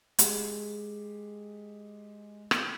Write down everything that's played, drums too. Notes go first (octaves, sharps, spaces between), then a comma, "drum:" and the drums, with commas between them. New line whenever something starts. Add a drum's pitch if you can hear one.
G#3 G4, drum: hi-hat
drum: rim click